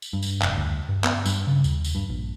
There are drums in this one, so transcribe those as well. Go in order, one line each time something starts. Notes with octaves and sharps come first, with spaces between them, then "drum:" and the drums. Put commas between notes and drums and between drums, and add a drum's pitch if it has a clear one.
drum: tambourine
G2
drum: tambourine
F1, drum: clap
D2
G2
B3, drum: clap
G2, drum: tambourine
C#3
D#2, drum: tambourine
drum: tambourine
G2
A#1